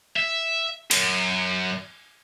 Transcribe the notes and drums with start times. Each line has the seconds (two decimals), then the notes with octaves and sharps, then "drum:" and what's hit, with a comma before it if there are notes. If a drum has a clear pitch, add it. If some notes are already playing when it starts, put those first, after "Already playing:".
0.17 E5
0.91 F#2, drum: cymbal